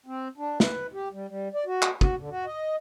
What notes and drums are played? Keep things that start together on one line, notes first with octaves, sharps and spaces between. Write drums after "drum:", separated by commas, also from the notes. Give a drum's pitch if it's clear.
C4
D4
B4, drum: snare
G4
G3
G3
D5
F#4
drum: clap
F#4, drum: kick
D3
F#4
D#5